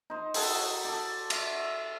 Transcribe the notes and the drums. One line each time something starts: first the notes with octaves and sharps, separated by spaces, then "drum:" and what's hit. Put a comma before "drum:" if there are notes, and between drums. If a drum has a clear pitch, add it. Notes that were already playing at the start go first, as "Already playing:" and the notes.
D#4 C5
F#4 G#4 A4 G5, drum: open hi-hat
A4 D5
E5, drum: cymbal